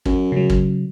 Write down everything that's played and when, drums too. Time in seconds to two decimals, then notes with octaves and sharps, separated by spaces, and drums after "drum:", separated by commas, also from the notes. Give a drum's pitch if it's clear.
0.05 F#2, drum: kick
0.32 C#3 F#3
0.50 drum: kick